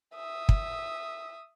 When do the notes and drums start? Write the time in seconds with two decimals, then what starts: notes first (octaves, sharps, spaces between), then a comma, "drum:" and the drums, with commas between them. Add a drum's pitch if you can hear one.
0.15 E5 D#6
0.49 drum: kick